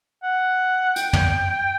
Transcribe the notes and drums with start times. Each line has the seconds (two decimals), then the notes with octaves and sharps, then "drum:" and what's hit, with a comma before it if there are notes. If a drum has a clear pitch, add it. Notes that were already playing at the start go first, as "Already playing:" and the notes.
0.23 F#5
0.96 G5, drum: hi-hat
1.13 drum: tom